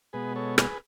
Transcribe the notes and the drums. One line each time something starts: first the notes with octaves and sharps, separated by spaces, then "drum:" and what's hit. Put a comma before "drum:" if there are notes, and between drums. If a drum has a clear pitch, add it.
B2 G#3 B3 G#4 B4
A4 C#5
G#4 B4, drum: rim click